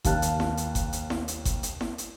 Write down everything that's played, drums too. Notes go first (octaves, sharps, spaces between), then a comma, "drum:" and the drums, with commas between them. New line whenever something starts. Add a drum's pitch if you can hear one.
D#2 F5 A5 F#6, drum: kick G1, hi-hat
drum: hi-hat
drum: snare E4
drum: hi-hat
drum: kick G1, hi-hat
drum: hi-hat
drum: snare E4
drum: hi-hat
drum: kick G1, hi-hat
drum: hi-hat
drum: snare E4
drum: hi-hat